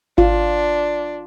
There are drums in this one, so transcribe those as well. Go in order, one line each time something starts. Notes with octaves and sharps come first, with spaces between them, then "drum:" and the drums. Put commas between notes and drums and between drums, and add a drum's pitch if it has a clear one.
D4 F4, drum: kick G#1